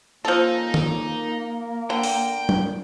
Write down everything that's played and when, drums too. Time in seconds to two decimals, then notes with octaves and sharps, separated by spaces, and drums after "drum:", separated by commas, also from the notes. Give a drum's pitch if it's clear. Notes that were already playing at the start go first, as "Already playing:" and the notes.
0.25 F3 A#3 C#4 D#4 A4
0.74 drum: tom D#3
1.12 A#4
1.90 D3 G5
2.03 drum: open hi-hat
2.49 drum: tom